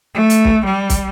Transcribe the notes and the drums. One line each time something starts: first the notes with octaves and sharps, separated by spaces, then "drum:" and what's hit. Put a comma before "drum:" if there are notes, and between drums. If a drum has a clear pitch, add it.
A3
drum: hi-hat
drum: kick
G3
drum: kick, hi-hat